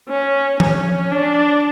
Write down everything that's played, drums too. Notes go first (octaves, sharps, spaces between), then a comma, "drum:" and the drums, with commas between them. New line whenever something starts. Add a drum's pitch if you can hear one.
C#4
C#4, drum: tom F3
D4